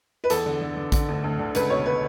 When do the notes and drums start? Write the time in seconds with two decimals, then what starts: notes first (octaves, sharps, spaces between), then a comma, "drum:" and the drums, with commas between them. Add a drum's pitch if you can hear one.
0.24 B4
0.30 E2 A4, drum: hi-hat
0.46 D3
0.61 D3
0.77 D3
0.92 D3, drum: kick A1, hi-hat
1.09 D2
1.24 D2
1.39 D3
1.55 C#2 B4, drum: hi-hat
1.70 B2 C#5
1.86 B4